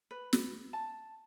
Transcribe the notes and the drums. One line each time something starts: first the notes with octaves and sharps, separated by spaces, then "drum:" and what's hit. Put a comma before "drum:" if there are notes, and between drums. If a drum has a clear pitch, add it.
B4
drum: snare
A5